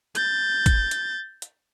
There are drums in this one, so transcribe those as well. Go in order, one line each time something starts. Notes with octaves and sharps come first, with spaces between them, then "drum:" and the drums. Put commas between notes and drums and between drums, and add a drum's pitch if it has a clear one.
G6 A6, drum: hi-hat
drum: kick G#1, hi-hat
drum: hi-hat
drum: hi-hat